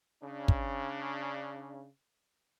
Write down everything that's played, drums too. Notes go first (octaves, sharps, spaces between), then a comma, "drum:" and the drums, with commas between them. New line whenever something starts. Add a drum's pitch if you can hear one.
C#3 D4
drum: kick